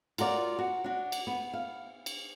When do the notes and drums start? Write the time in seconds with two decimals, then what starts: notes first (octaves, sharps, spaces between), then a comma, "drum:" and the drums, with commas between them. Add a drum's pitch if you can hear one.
0.18 F4 F#4 A#4 D5, drum: cymbal
0.59 F#4
0.84 D4 F#4
1.12 drum: cymbal
1.27 B3
1.54 F5
2.06 drum: cymbal